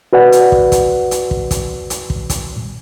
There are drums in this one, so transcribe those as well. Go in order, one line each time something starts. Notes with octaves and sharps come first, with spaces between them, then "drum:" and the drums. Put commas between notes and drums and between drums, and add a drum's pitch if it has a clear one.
F#4 B4 D5 F#5
drum: hi-hat
drum: kick
drum: kick, hi-hat
drum: hi-hat
drum: kick
drum: kick, hi-hat
drum: hi-hat
drum: kick
drum: kick, hi-hat